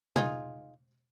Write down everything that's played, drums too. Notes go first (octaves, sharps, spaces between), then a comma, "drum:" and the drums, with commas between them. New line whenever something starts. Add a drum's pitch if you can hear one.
D#4 F4 G#4, drum: tom